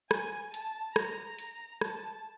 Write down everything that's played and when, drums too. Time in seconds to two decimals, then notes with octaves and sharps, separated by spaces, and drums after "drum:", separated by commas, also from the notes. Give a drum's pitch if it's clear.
0.11 G#5, drum: rim click
0.54 A5, drum: hi-hat
0.96 A#5, drum: rim click
1.39 drum: hi-hat
1.81 A5, drum: rim click